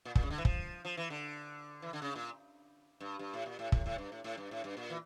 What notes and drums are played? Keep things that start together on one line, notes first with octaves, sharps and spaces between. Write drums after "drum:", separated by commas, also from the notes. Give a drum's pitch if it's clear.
A#2
A#2, drum: kick
C#3
D3
E3
F3, drum: kick
F3
E3
D3
E3
D3
C#3
A#2
G2
G2
A2
A#2
A2
A2, drum: kick
A2
G2
A2
A2
G2
A2
G2
A#2
E3